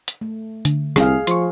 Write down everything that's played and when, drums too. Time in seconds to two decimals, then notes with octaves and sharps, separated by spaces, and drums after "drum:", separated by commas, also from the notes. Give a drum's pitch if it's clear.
0.08 drum: hi-hat
0.21 A3
0.65 D3, drum: hi-hat
0.96 C2 G#4 F5, drum: rim click
1.27 F3 C6 C#6, drum: hi-hat